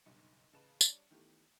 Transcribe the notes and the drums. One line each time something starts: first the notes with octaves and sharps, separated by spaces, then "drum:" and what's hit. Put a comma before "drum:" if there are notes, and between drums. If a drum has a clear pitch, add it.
F#1 B1 G2 D#4 C#7
A1 C#3 B4 A5 E7
G3 D4 C#5 A5 C#7, drum: tambourine
D#3 E3 A3 B3 G4